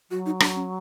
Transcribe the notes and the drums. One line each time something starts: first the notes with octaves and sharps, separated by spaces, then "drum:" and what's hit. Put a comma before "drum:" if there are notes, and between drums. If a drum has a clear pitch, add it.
F#3 F#4
D#4
D4, drum: rim click
C#4